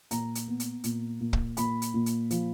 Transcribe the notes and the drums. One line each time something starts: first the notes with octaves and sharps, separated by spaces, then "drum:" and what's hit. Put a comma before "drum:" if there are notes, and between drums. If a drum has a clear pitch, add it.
A#2 A#5, drum: hi-hat
drum: hi-hat
B3
drum: hi-hat
A#2, drum: hi-hat
A#2
drum: kick
A#2 B5, drum: hi-hat
drum: hi-hat
A#2
drum: hi-hat
F3, drum: hi-hat